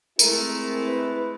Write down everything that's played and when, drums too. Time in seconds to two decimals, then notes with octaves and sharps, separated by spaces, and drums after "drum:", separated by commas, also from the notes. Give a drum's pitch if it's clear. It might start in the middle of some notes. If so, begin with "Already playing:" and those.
0.19 G#3 A3 C4 E4 A#4, drum: tambourine
0.87 B4